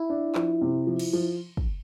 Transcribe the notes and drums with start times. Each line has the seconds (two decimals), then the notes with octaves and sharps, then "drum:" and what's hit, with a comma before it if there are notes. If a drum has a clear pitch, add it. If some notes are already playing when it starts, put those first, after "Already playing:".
Already playing: E4
0.10 D4
0.35 F3, drum: clap
0.61 C3
0.87 F3
0.99 drum: cymbal
1.13 F3
1.57 drum: kick